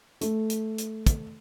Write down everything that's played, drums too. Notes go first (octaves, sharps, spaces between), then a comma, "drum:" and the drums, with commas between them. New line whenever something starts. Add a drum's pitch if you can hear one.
A3, drum: hi-hat
drum: hi-hat
drum: hi-hat
drum: kick, hi-hat